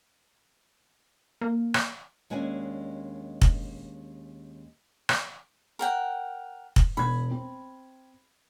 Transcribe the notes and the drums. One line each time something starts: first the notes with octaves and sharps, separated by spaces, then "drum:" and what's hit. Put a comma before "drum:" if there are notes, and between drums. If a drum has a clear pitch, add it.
A#3
drum: rim click
D#2 G#3 C#4 D4 G#5
drum: kick
drum: rim click
A#4 F#5 G5
drum: kick
E1 B5 G#6
C4